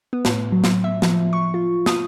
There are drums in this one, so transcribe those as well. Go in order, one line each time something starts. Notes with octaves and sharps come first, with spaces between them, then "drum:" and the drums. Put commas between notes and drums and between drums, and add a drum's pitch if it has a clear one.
B3
A2, drum: snare
F#3
drum: snare
E5
F3, drum: snare
C#6
F4
D#6, drum: snare